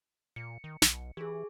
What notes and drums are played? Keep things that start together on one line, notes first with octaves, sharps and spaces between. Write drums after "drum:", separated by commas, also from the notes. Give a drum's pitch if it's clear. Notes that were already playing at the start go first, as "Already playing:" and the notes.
A#2 C#7
D#3
B1, drum: snare
E3 G4 G#4